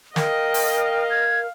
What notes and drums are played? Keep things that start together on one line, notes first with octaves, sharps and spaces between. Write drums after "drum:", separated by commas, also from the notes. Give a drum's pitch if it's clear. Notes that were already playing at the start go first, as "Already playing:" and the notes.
A#4 D#5 F5 G5, drum: snare
drum: open hi-hat
G#6